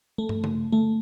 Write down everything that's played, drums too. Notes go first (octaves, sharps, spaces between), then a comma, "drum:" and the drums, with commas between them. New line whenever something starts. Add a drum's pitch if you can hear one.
A3
drum: tom
drum: tom
A3, drum: tom D3